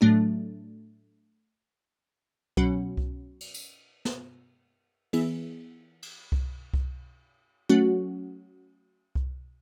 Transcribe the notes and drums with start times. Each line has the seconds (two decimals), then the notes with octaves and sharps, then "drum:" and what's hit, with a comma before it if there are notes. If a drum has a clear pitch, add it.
0.01 A2 F#3 A3 D4
2.57 B2 F#3 C#4 F#4, drum: kick C2
2.97 drum: kick C2
3.40 drum: cymbal
3.54 drum: tambourine
4.05 drum: snare
5.13 E3 B3 E4 G#4, drum: cymbal
6.02 drum: cymbal
6.32 drum: kick C2
6.74 drum: kick C2
7.69 F#3 A3 C#4 F#4
9.15 drum: kick C2